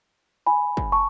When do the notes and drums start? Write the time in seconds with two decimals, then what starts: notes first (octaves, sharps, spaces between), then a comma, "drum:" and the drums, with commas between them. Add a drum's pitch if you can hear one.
0.47 G#5 B5
0.77 drum: kick
0.92 A5 C#6